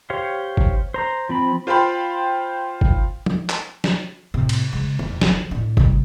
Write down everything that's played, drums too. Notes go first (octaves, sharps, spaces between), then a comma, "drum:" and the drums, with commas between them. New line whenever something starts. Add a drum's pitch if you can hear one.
G4 C5 C#5 F5
drum: kick
C5 A#5
F3 C4 B5
F4 C5 F5 G5 B5 C6
drum: kick
drum: tom F3
drum: clap
drum: snare
A2 C3
drum: cymbal
C#3 G#3
E1, drum: tom
D3 F3, drum: snare
A2 D4
C3 G3, drum: kick